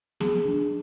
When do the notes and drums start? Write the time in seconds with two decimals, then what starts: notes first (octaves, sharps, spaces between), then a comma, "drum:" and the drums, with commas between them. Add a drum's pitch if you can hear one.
0.20 G#4, drum: snare B3
0.45 D4